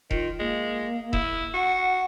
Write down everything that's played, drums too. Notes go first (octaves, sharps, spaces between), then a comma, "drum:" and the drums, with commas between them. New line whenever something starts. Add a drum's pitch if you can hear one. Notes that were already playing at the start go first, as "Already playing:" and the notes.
D#3 F4, drum: kick E1
G#3 A#3
E4, drum: kick E1
F#4 F#5